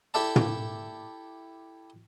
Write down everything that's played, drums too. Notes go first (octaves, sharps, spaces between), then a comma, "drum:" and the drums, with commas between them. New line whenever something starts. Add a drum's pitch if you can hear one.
E4 G4 A4 D5 A5
drum: tom